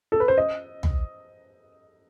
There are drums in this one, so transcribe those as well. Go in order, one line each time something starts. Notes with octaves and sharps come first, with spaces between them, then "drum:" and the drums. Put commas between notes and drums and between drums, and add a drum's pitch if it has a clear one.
A4
B4
C5
D#5
drum: tom